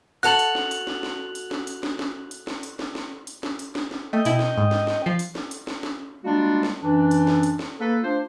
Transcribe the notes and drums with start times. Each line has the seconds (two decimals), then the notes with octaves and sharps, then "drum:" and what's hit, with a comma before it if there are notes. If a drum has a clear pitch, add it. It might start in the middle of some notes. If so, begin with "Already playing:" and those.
0.23 F#4 A4 A5 F#6 F7 F#7
0.39 drum: hi-hat
0.55 drum: snare
0.71 drum: hi-hat
0.87 drum: snare
1.03 drum: snare
1.35 drum: hi-hat
1.51 drum: snare
1.67 drum: hi-hat
1.83 drum: snare
1.99 drum: snare
2.31 drum: hi-hat
2.47 drum: snare
2.63 drum: hi-hat
2.79 drum: snare
2.95 drum: snare
3.27 drum: hi-hat
3.43 drum: snare
3.59 drum: hi-hat
3.75 drum: snare
3.91 drum: snare
4.13 A3 D#5 G5
4.25 B2 E4, drum: hi-hat
4.39 drum: snare
4.57 G#2
4.71 drum: snare
4.87 drum: snare
5.06 F3
5.19 drum: hi-hat
5.35 drum: snare
5.51 drum: hi-hat
5.67 drum: snare
5.83 drum: snare
6.24 G3 G#3 A#3 D4 F4 F#4
6.63 drum: snare
6.83 F#2 E3 D4
7.11 drum: hi-hat
7.27 drum: snare
7.43 drum: hi-hat
7.59 drum: snare
7.81 A#3 A4 B4
8.03 A3 D4 F4 C5